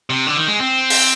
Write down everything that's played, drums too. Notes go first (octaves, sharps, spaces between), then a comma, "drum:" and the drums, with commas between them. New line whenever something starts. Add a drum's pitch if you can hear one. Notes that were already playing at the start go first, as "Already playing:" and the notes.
C3
D3
D#3
G#3
C4
drum: open hi-hat